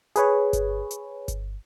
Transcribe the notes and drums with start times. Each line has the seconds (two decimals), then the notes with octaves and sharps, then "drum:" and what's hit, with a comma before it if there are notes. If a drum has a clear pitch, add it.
0.16 G#4 B4 C#5, drum: hi-hat
0.53 drum: kick G1, hi-hat
0.91 drum: hi-hat
1.28 drum: kick G1, hi-hat